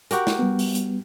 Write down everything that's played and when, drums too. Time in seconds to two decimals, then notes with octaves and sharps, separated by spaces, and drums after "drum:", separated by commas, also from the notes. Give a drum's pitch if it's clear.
0.11 F#4 G4 A#4, drum: hi-hat
0.27 drum: snare
0.39 G3 B3
0.59 drum: open hi-hat
0.75 drum: hi-hat